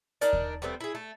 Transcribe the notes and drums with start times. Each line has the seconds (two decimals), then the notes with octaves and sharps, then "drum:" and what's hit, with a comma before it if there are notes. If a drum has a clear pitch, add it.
0.21 D4 D#4 A#4 D5, drum: hi-hat
0.33 drum: kick D#2
0.62 G3 A3 B3 C4
0.81 E4 G#4
0.95 A3